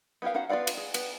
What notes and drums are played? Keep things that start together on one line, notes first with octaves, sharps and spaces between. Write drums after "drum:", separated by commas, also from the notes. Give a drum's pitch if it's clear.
B3 E4 G4 A#4 F5
C#4 D#4 F#4 F5 F#5
B3 F4 D5 F5 F#5
drum: cymbal
G#4
B3, drum: cymbal